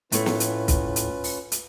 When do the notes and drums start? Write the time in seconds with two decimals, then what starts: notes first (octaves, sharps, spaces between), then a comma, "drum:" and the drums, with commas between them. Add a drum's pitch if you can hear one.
0.12 A2 A3 C#4 F4 B4, drum: hi-hat
0.26 drum: snare
0.40 drum: hi-hat
0.68 drum: kick, hi-hat
0.96 drum: hi-hat
1.24 drum: open hi-hat
1.52 drum: hi-hat